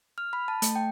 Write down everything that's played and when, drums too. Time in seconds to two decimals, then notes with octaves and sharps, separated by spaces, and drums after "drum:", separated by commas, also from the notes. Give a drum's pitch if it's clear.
0.18 F6
0.33 B5
0.48 A5
0.62 A3, drum: hi-hat
0.76 G5